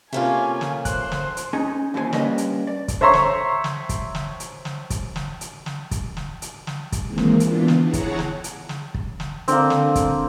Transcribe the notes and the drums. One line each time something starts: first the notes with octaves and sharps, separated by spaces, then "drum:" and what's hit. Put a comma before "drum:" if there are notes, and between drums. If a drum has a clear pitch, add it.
C3 A3 A#3 C#4 F4 G#5
drum: snare
C5 F#6, drum: kick, hi-hat
drum: snare
drum: hi-hat
C#4 D#4 G#4 G#5
D#2 A#2 E3 F4 C5 G#5
G3 A#3 C#4 D4 B4 D#5, drum: snare
drum: hi-hat
D5
drum: kick, hi-hat
C5 C#5 E5 A#5 C6 C#6
drum: snare
drum: snare
drum: kick, hi-hat
drum: snare
drum: hi-hat
drum: snare
drum: kick, hi-hat
drum: snare
drum: hi-hat
drum: snare
drum: kick, hi-hat
drum: snare
drum: hi-hat
drum: snare
drum: kick, hi-hat
D#3 E3 G#3 A#3 C4
drum: snare
E3 B3 D4 F4, drum: hi-hat
drum: snare
E4 G#4 C#5 F#5 A5 A#5
drum: kick, hi-hat
drum: snare
drum: hi-hat
drum: snare
drum: kick
drum: snare
D3 A#3 C4, drum: hi-hat
drum: snare
drum: kick, hi-hat